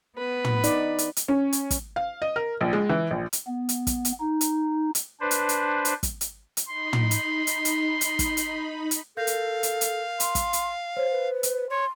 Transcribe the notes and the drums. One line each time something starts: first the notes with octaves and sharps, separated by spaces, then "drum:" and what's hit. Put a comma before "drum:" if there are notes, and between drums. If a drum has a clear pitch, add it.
B3 B4
drum: tom
D#4 D5, drum: hi-hat
drum: hi-hat
drum: hi-hat
C#4
drum: hi-hat
drum: kick, hi-hat
F5
D#5
A#4
A#1
G#3
E3
A#1
drum: hi-hat
B3
drum: hi-hat
drum: kick, hi-hat
drum: hi-hat
D#4
drum: hi-hat
drum: hi-hat
D4 B4 C5
drum: hi-hat
drum: hi-hat
drum: hi-hat
drum: kick, hi-hat
drum: hi-hat
drum: hi-hat
D#4 B5 C6
drum: tom
drum: hi-hat
drum: hi-hat
drum: hi-hat
drum: hi-hat
drum: kick, hi-hat
drum: hi-hat
drum: hi-hat
A4 A#4 F5 G6 A#6
drum: hi-hat
drum: hi-hat
drum: hi-hat
C6, drum: hi-hat
drum: kick, hi-hat
drum: hi-hat
C5 C#5
B4
drum: hi-hat
C#5 C6